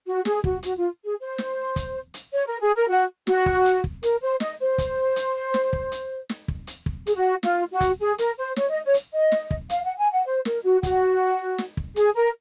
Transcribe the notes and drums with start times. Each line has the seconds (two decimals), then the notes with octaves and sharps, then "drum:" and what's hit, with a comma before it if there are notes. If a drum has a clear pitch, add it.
0.06 F#4
0.25 G#4, drum: snare
0.44 F#4, drum: kick
0.63 F#4, drum: hi-hat
0.76 F4
1.05 G#4
1.19 C5
1.38 drum: snare
1.76 drum: kick, hi-hat
2.14 drum: hi-hat
2.33 C#5
2.47 A#4
2.61 G#4
2.75 A#4
2.89 F#4
3.27 F#4, drum: snare
3.46 drum: kick
3.65 drum: hi-hat
3.84 drum: kick
4.03 A#4, drum: hi-hat
4.22 C5
4.40 D#5, drum: snare
4.60 C5
4.78 drum: kick, hi-hat
5.16 drum: hi-hat
5.54 drum: snare
5.73 drum: kick
5.92 drum: hi-hat
6.29 drum: snare
6.48 drum: kick
6.67 drum: hi-hat
6.86 drum: kick
7.07 G#4, drum: hi-hat
7.15 F#4
7.43 F4, drum: snare
7.71 F#4
7.81 drum: kick, hi-hat
8.00 G#4
8.18 A#4, drum: hi-hat
8.38 C5
8.56 C#5, drum: snare
8.70 D#5
8.84 C#5
8.94 drum: hi-hat
9.13 D#5
9.32 drum: snare
9.51 drum: kick
9.70 F5, drum: hi-hat
9.84 F#5
9.97 G#5
10.12 F#5
10.26 C5
10.45 A#4, drum: snare
10.64 F#4
10.83 F#4, drum: kick, hi-hat
11.58 drum: snare
11.77 drum: kick
11.96 G#4, drum: hi-hat
12.15 A#4